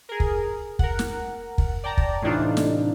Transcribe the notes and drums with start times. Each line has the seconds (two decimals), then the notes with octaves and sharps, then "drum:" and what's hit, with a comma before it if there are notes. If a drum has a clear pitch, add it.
0.09 G#4 A#4
0.20 drum: kick
0.79 A#4 F#5, drum: kick
0.99 drum: snare
1.58 drum: kick
1.84 D5 G5 A5 A#5
1.97 drum: kick
2.22 A2 C3 E3 D4 D#4 F4
2.57 drum: snare